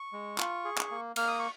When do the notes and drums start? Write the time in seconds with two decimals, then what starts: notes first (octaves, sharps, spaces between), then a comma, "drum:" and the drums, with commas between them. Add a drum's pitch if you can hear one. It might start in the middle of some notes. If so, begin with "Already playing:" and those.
Already playing: C#6
0.13 G#3
0.38 F4, drum: clap
0.65 G#4
0.78 drum: clap
0.91 A#3
1.16 A#3 F6, drum: cymbal
1.28 D#6
1.39 C#6